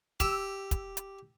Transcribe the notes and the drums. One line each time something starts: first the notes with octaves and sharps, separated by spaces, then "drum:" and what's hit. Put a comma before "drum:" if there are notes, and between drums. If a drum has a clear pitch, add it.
G4 E6, drum: kick, hi-hat
drum: kick, hi-hat
drum: hi-hat